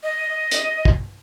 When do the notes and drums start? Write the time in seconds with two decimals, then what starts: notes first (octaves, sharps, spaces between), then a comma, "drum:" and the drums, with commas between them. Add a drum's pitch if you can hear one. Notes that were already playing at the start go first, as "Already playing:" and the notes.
0.03 D#5
0.51 drum: hi-hat
0.85 drum: kick